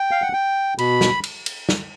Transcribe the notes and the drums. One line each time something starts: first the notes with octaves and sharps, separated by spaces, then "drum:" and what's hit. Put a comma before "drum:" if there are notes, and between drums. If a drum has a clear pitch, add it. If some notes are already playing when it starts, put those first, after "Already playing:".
Already playing: G5
F5
F#5
G5
B2 B5, drum: cymbal
drum: snare
drum: cymbal
drum: cymbal
drum: snare